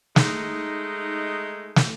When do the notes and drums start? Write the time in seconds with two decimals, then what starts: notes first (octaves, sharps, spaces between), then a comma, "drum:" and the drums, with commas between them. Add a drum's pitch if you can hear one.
0.16 G#3 A3 D#4, drum: snare
1.76 drum: snare